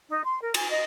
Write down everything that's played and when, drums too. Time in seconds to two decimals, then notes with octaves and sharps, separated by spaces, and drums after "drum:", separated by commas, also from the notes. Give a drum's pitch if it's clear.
0.09 D#4
0.24 C6
0.41 A#4
0.54 G#5, drum: cymbal
0.69 D#5